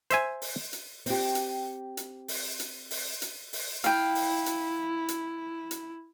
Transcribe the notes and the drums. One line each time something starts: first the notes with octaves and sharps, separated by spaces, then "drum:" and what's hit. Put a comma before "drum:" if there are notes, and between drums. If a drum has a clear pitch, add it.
C5 E5 G#5, drum: hi-hat
drum: open hi-hat
drum: hi-hat
C4 G4, drum: open hi-hat
drum: hi-hat
drum: hi-hat
drum: open hi-hat
drum: hi-hat
drum: open hi-hat
drum: hi-hat
drum: open hi-hat
E4 F5 G5, drum: hi-hat
drum: open hi-hat
drum: hi-hat
drum: hi-hat
drum: hi-hat